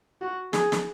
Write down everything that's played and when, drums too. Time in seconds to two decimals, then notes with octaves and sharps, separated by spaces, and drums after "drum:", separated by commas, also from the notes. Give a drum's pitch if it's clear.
0.22 F#4
0.53 G#4, drum: snare
0.72 drum: snare